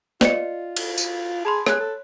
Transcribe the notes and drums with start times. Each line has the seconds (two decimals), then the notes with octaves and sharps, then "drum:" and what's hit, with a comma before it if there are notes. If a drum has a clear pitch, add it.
0.21 F4 D5 D#5 C#7, drum: snare
0.77 drum: cymbal
0.98 drum: tambourine
1.45 G#4 A5 B5 C6
1.67 G#4 C#5 F#6, drum: rim click
1.80 A4